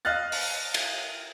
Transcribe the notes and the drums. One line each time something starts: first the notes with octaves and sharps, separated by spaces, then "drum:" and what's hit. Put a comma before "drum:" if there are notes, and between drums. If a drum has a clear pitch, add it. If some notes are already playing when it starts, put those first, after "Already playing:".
D#5 F5 F6 F#6 A6
drum: open hi-hat
drum: cymbal